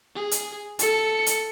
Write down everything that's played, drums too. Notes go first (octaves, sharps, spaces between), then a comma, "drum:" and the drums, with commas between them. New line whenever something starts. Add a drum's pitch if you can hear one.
G#4
drum: hi-hat
A4 C#7, drum: hi-hat
drum: hi-hat